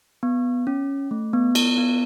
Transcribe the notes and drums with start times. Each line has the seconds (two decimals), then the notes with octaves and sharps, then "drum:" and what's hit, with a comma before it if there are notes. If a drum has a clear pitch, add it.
0.23 B3
0.67 C#4
1.11 A3
1.33 B3
1.55 B3, drum: cymbal
1.78 B3